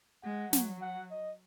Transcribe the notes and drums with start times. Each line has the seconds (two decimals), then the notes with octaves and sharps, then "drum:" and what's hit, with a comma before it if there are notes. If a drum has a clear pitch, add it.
0.23 G#3 F#5
0.53 F#3, drum: snare
0.82 F#5
1.11 D#5